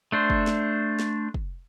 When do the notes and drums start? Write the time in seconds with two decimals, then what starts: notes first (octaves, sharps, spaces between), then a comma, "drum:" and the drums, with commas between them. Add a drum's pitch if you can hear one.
0.12 A3 D4 C5
0.30 drum: kick
0.47 drum: snare
1.00 drum: snare
1.34 drum: kick